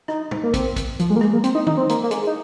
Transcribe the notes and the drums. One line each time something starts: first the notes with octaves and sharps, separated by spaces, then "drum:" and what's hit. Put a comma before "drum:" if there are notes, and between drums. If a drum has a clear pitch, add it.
D#4, drum: rim click
drum: tom
A#3
C4, drum: kick, hi-hat
drum: kick, hi-hat
F3, drum: hi-hat
G#3
A#3
G#3, drum: rim click
A#3
C4, drum: hi-hat
D#4
D#4, drum: tom
C4
A#3, drum: hi-hat
A#3
G#3, drum: hi-hat
D#4